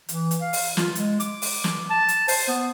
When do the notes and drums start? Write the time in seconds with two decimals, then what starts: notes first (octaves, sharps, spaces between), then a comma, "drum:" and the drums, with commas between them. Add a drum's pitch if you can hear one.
0.09 E3, drum: hi-hat
0.31 drum: hi-hat
0.41 F5
0.53 drum: open hi-hat
0.77 F4, drum: snare
0.95 G#3, drum: hi-hat
1.20 D6, drum: hi-hat
1.42 drum: open hi-hat
1.64 drum: snare
1.90 A5
2.08 drum: hi-hat
2.28 C5, drum: open hi-hat
2.48 B3